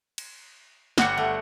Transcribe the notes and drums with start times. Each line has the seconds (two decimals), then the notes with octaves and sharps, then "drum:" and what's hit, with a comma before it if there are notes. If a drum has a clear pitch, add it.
0.18 drum: cymbal
0.98 G1 G3 F#4 F#5 C#7, drum: snare
1.17 A3